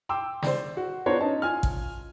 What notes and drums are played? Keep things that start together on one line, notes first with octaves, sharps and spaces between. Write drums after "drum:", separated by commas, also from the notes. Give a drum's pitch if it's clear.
G5 C6 D6 E6
C5 D5, drum: snare
F#4
B3 D4 F4 C5 C#5 A#5
C#4 D#4 A5
F4 G#5 F6
drum: kick A1